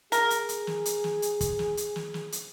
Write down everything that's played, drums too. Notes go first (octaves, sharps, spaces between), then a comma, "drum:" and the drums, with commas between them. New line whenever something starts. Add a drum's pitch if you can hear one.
G#4 A#4, drum: hi-hat
drum: hi-hat
drum: hi-hat
drum: snare
drum: hi-hat
drum: snare
drum: hi-hat
drum: kick, hi-hat
drum: snare
drum: hi-hat
drum: snare
drum: snare
drum: hi-hat